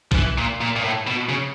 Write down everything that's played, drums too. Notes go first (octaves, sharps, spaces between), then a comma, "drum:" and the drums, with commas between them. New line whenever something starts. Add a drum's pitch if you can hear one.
F3, drum: kick
E3
A#2
A#2
A#2
A2
B2
C#3